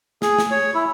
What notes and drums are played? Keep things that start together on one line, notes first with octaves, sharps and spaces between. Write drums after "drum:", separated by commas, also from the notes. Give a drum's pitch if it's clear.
G#4, drum: snare
drum: snare
C#5
E4